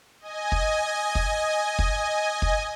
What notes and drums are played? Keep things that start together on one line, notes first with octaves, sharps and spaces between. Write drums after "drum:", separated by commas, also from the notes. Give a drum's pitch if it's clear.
D#5 G#5
drum: kick
drum: kick
drum: kick
drum: kick